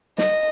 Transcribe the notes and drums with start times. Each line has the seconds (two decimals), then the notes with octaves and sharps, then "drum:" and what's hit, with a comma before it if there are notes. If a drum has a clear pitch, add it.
0.18 D#5, drum: snare